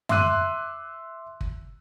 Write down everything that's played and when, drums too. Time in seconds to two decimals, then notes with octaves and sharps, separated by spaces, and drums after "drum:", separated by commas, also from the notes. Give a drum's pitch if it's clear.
0.09 E5 C6 D6 E6 F#6 D#7, drum: tom F#2
1.41 drum: kick